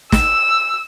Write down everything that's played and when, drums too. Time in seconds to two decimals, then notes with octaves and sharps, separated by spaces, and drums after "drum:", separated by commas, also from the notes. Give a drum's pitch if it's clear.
0.12 E6, drum: snare